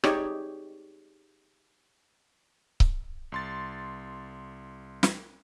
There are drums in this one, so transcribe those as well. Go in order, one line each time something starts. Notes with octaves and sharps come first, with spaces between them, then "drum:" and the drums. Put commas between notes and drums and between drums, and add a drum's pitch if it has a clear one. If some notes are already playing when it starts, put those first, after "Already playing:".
D#4 G4 G#4 C#5 D5, drum: rim click
drum: kick C#1
C2 C6 A6
drum: snare